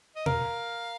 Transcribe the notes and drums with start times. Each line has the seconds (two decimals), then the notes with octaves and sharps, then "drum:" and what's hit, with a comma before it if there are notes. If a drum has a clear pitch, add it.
0.16 D#5
0.26 A#4 F5, drum: tom B2